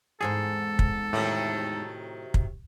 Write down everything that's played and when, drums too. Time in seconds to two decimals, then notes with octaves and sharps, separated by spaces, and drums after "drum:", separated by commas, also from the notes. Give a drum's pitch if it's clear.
0.21 E2 G#2 C4 G#4 A4
0.79 drum: kick
1.13 A2 C3 D#3 F#3
2.34 drum: kick